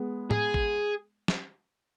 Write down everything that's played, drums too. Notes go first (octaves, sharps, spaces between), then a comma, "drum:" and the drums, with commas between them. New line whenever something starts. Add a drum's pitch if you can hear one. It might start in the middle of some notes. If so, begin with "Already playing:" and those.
Already playing: G#3 B3
G#4, drum: tom A2
drum: kick A1
drum: snare